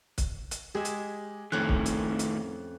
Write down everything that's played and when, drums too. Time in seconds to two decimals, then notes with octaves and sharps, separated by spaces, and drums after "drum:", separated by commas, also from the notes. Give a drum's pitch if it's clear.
0.18 drum: kick, hi-hat
0.51 drum: hi-hat
0.74 G#3 G4 G#4 E5
0.85 drum: hi-hat
1.52 F2 A2 D#3 A#3 C#4 F#6
1.69 drum: kick
1.86 drum: hi-hat
2.19 drum: hi-hat